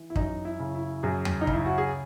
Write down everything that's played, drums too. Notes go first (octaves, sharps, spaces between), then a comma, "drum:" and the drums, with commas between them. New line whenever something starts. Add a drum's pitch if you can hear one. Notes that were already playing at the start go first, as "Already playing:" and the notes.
Already playing: E3
E4
F#2 D#4, drum: kick
E4
C#3
E4
F#2 G#4
drum: tom D#2
D#4
C#3, drum: kick
E4
F#4
G#4